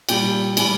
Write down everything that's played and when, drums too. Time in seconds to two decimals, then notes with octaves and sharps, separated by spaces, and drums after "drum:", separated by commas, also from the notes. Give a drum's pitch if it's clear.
0.09 A#2 G3 G5, drum: cymbal
0.57 A2 E3 G3 G#5, drum: cymbal